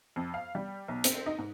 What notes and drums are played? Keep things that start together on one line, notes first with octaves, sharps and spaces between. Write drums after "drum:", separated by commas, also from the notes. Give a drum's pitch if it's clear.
F2
F5
G3
B1
C4, drum: hi-hat
D#4
G#2